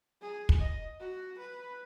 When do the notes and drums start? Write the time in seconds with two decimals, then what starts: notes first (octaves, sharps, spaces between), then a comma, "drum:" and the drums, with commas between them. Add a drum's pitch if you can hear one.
0.22 G#4
0.49 drum: kick
0.59 D#5
1.00 F#4
1.38 B4